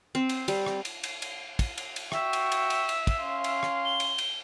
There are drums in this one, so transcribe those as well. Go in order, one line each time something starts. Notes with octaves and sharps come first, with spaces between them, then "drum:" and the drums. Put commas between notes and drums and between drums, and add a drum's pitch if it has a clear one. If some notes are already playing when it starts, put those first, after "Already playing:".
C4
drum: cymbal
G3, drum: cymbal
drum: rim click
drum: cymbal
drum: cymbal
drum: cymbal
drum: kick, cymbal
drum: cymbal
drum: cymbal
F#4 E5 G5 C#6, drum: rim click
drum: cymbal
drum: cymbal
drum: cymbal
drum: cymbal
drum: kick, cymbal
C#4 F5 C6
drum: cymbal
drum: rim click
G7
drum: cymbal
drum: cymbal